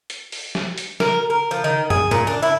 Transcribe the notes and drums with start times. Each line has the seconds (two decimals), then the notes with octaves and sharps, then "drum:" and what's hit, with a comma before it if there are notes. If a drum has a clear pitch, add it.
0.10 drum: hi-hat
0.32 drum: open hi-hat
0.55 drum: snare
0.78 drum: hi-hat
1.00 A#4, drum: snare
1.30 A#4
1.51 F3
1.64 D#3
1.90 G#4, drum: tom
2.11 A#2, drum: tom G2
2.27 D4
2.42 E4